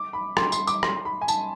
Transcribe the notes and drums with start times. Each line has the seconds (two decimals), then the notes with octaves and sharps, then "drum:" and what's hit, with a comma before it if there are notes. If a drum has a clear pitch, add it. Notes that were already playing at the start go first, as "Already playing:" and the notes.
Already playing: D6
0.13 B5
0.37 C6, drum: rim click
0.52 C6, drum: tambourine
0.67 D6, drum: tambourine
0.83 C6, drum: rim click
1.05 B5
1.21 G#5
1.28 A5, drum: tambourine